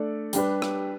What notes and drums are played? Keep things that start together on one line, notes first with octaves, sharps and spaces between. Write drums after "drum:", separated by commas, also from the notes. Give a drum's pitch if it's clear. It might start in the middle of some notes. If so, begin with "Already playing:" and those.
Already playing: A3 D4 A4 D5
G3 D4 G4 B4, drum: hi-hat
drum: rim click